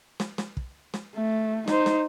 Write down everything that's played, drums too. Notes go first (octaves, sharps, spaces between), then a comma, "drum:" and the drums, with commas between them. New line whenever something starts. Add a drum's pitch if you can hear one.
drum: snare
drum: snare
drum: kick
drum: snare
A3
D#4 C5, drum: snare
drum: snare